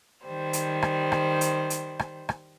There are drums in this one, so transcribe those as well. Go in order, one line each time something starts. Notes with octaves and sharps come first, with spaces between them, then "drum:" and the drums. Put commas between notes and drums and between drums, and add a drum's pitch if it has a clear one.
D#3 G3 C5
drum: hi-hat
drum: rim click
drum: rim click
drum: hi-hat
drum: hi-hat
drum: rim click
drum: rim click